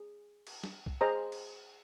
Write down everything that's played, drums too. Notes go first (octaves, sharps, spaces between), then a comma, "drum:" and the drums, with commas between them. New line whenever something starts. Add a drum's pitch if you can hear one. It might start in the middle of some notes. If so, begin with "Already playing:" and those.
Already playing: G#4
drum: cymbal
drum: snare
drum: kick
G#4 C5 D#5 A#5
drum: cymbal